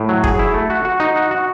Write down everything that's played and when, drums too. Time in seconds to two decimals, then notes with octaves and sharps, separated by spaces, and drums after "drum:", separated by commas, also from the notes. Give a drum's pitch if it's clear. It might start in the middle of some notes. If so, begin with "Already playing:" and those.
Already playing: A2
0.09 F#3
0.24 G#4, drum: kick
0.39 E4
0.54 A3
0.70 F#4
0.85 F#4
1.00 D#4
1.16 F#4
1.31 F#4